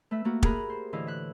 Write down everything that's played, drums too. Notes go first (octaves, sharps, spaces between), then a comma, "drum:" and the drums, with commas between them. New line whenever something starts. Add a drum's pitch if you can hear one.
A3 B4 E5
A3 A#3 F#4
G4 G#4 A#4 B5 F#6, drum: kick
C5
A2 D3 E3 E4 D#5 F5
E5 F#6